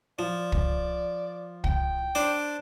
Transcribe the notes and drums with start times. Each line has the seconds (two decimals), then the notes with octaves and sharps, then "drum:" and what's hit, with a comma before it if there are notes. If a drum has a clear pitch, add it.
0.19 F3 D5
0.52 drum: kick
1.64 G5, drum: kick
2.15 D4 C5 D5